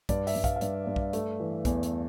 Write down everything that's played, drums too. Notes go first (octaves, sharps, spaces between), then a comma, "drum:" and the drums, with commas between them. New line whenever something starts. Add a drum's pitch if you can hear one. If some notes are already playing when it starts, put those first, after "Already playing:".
G2 D5, drum: kick B1, hi-hat
E5, drum: open hi-hat
G2
F5, drum: kick B1, hi-hat
F5
G2 E5, drum: hi-hat
G2
drum: kick B1
A3, drum: hi-hat
E3
E2, drum: kick B1, hi-hat
drum: hi-hat